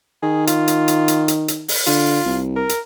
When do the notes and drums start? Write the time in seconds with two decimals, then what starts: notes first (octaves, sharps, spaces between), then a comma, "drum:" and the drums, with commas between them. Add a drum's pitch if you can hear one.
0.22 D#3 G#4
0.47 F4, drum: hi-hat
0.68 drum: hi-hat
0.88 drum: hi-hat
1.08 drum: hi-hat
1.28 drum: hi-hat
1.48 drum: hi-hat
1.68 drum: open hi-hat
1.86 D3 F4, drum: hi-hat
2.25 C2
2.56 A#4
2.69 drum: hi-hat